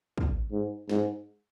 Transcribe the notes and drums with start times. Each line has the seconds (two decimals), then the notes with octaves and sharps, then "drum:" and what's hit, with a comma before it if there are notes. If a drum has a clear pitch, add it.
0.18 drum: kick
0.52 G#2
0.89 G#2, drum: snare